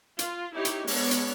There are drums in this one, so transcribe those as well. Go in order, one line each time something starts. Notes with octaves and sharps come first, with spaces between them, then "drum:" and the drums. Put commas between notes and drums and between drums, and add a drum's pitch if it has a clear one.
F4, drum: hi-hat
D#4 E4 G4 C#5
drum: hi-hat
G#3 B3 D4 C#5, drum: open hi-hat
drum: hi-hat